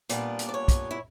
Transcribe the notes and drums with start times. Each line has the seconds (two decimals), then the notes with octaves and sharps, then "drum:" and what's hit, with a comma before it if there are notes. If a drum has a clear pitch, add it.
0.09 A#2 G3 B3 D4 D5, drum: hi-hat
0.39 drum: hi-hat
0.49 D5
0.54 C#5
0.68 drum: kick, hi-hat
0.91 E4